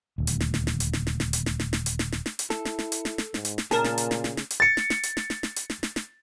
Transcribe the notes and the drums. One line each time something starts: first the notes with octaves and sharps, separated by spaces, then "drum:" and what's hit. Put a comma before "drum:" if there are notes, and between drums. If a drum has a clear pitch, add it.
D#1 D2
drum: hi-hat
drum: snare
drum: snare
drum: snare
drum: hi-hat
drum: snare
drum: snare
drum: snare
drum: hi-hat
drum: snare
drum: snare
drum: snare
drum: hi-hat
drum: snare
drum: snare
drum: snare
drum: hi-hat
E4 A4, drum: snare
drum: snare
drum: snare
drum: hi-hat
drum: snare
drum: snare
G#2, drum: snare
drum: hi-hat
drum: snare
A#2 C#3 C#4 G#4 A#4 A5, drum: snare
drum: snare
drum: hi-hat
drum: snare
drum: snare
drum: snare
drum: hi-hat
A6 C#7
drum: snare
drum: snare
drum: hi-hat
drum: snare
drum: snare
drum: snare
drum: hi-hat
drum: snare
drum: snare
drum: snare